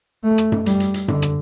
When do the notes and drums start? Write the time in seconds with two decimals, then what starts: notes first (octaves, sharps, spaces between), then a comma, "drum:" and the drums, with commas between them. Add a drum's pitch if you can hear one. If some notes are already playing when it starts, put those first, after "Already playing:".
0.24 A3
0.38 drum: rim click
0.52 drum: tom F#2
0.66 G3, drum: hi-hat
0.80 drum: hi-hat
0.94 drum: hi-hat
1.08 D3, drum: tom F#2
1.22 drum: rim click